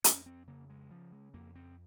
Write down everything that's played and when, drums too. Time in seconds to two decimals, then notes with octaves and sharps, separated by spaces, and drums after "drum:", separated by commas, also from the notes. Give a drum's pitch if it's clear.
0.04 F2 C#4, drum: hi-hat
0.26 C4
0.47 C#3 A#3
0.70 G#3
0.90 C#3 F3
1.12 G#3
1.34 F2 A#3
1.55 C4